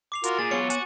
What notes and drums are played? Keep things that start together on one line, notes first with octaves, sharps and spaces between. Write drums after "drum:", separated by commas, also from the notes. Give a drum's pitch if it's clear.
D6 C7 F7
F4 F#4 A#4, drum: hi-hat
A#2 G#4 A6
F#3 B3 F4 C#5 C#6 C#7
F#4 F#5 G#5 D#7, drum: hi-hat